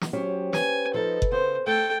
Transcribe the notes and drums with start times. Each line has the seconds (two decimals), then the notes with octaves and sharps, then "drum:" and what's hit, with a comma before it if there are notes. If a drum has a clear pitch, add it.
0.01 drum: snare
0.13 F#3 C#4 G4 C5
0.53 B4 G#5, drum: snare
0.94 F3 D#4 A4
1.22 drum: kick F#1
1.31 C#3 B3 C5
1.67 A3 A4 G5